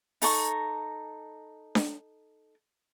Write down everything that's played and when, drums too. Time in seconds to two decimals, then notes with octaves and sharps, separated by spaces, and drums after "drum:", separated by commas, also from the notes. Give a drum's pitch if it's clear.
0.22 D#4 A4 A#5 C#6, drum: open hi-hat
1.75 drum: snare D4